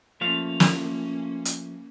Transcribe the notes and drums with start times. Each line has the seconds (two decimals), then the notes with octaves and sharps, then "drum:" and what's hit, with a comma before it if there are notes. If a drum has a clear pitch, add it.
0.21 F3 A3 A#3 C#4 F5
0.60 drum: snare
1.45 drum: hi-hat